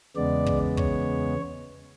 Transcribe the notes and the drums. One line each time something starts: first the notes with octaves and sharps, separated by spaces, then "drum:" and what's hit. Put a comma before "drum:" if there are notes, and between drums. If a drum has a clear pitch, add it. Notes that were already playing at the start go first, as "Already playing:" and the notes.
E2 C#3 G#3 B3 D5
drum: kick
C#5, drum: kick